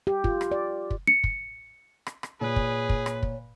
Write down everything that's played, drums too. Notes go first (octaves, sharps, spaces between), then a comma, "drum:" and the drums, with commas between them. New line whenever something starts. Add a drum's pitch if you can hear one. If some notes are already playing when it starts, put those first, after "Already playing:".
G4
F4, drum: kick
drum: rim click
D5
drum: kick
C#7
drum: kick
drum: rim click
drum: rim click
A#2 G#4 B4 C#5
drum: kick
drum: kick
drum: rim click
drum: kick